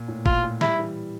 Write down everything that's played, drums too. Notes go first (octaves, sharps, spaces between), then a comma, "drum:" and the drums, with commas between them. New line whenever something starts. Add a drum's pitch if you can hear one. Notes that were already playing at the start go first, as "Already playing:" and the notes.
Already playing: A#2
A2
A#2 F4, drum: kick G#1
A2
G3 E4, drum: snare
E3